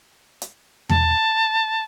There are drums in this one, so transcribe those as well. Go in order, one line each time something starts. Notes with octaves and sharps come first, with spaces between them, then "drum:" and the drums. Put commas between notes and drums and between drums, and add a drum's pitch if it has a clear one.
drum: hi-hat
A5, drum: tom E2